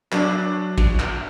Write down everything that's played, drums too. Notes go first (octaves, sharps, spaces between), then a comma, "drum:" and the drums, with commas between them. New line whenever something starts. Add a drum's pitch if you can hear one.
F#3 D4, drum: clap
drum: kick, cymbal
drum: clap